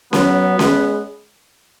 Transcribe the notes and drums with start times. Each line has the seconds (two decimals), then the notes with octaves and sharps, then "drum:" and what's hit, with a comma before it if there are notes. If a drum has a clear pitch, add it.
0.13 F#3 B3, drum: snare C#4
0.59 G#3, drum: snare C#4